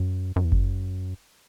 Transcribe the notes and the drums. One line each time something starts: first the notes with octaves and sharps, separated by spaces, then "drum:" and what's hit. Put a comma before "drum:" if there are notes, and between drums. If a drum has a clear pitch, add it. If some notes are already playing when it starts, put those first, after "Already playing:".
Already playing: F#2
F#2
E2
F#2, drum: kick G1